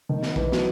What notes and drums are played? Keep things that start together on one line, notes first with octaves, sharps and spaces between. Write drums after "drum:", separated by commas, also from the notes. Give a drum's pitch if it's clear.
D#3
drum: snare
E3, drum: kick A#1
F#3, drum: snare